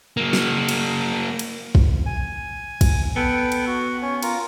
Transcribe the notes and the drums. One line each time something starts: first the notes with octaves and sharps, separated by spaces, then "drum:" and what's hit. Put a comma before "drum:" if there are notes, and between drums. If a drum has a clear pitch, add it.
F#3 A#3
drum: snare
drum: cymbal
drum: cymbal
drum: kick
G#5
drum: kick, cymbal
B3 A4 B4 G5
drum: cymbal
F#4
C#4 C#5
F4 A#4, drum: cymbal